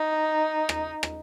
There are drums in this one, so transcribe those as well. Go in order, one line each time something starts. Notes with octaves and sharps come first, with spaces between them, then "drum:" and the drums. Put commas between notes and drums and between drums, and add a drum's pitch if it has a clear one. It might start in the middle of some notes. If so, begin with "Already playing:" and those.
Already playing: D#4
drum: rim click
drum: rim click